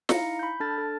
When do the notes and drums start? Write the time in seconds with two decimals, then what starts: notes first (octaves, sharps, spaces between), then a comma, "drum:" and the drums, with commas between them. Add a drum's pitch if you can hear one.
0.09 D#4 E4 F5 A#5 A#6 C#7, drum: snare
0.39 B5 G6
0.60 D4 A4 A5 F6 A6
0.78 A4